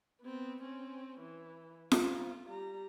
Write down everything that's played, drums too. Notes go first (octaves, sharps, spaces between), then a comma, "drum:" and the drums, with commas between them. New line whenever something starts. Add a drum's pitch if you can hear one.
B3 C4
C4 C#4
E3
F4, drum: snare F4
G3 A#5